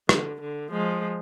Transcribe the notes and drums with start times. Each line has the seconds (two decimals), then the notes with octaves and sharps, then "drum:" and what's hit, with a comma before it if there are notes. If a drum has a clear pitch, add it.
0.09 D3, drum: rim click
0.41 D3
0.71 F3 G#3